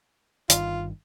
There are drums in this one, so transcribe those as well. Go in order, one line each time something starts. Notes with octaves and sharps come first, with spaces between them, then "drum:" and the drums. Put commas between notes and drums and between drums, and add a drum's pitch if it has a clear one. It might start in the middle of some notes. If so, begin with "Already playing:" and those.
G1 G2 D#3 F4, drum: hi-hat